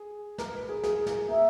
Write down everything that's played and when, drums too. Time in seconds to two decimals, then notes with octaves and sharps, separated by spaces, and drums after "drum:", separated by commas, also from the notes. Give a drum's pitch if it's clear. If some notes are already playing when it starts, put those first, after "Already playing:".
Already playing: G#4
0.38 A#4, drum: snare
0.54 B4
0.69 G#4
0.83 G#4, drum: snare
1.06 drum: snare
1.29 A#3 E5